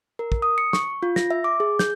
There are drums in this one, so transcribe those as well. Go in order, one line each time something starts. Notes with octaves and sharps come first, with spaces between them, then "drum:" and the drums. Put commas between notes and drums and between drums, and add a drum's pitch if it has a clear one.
A#4
drum: kick
D#6
C#7
C#6, drum: snare
F4
A#6, drum: snare
E5
D6
G#4
G6, drum: snare